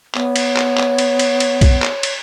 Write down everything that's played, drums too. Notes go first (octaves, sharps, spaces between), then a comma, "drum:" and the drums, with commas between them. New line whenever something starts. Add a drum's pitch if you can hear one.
B3 C#5, drum: clap
drum: cymbal
drum: clap
drum: clap
drum: cymbal
drum: cymbal
drum: cymbal
drum: kick B1, cymbal
drum: clap
drum: cymbal